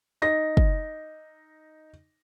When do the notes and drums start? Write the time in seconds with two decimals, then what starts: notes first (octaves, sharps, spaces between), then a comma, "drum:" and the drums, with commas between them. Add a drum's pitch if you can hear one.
0.22 D#4 A#6
0.57 drum: kick